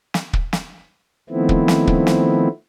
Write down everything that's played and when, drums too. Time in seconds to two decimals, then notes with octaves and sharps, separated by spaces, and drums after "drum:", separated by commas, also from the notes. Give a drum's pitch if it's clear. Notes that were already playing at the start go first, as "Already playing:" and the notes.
0.14 drum: snare
0.33 drum: kick
0.53 drum: snare
1.30 D#3 F3 A3 B3 C4 E4
1.49 drum: kick
1.68 drum: snare
1.87 drum: kick
2.07 drum: snare